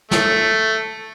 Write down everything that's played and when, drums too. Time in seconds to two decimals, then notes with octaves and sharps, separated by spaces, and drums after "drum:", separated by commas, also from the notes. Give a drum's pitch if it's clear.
0.11 A3, drum: snare